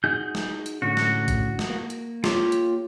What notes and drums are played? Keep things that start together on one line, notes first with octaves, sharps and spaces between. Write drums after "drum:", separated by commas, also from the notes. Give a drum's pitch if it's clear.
D#4 F#4 G#4 G6
drum: snare
drum: hi-hat
A2 D3 C#4 F#4
drum: snare
drum: kick, hi-hat
drum: snare
A#3
drum: hi-hat
F4 G4 C#5, drum: snare
drum: hi-hat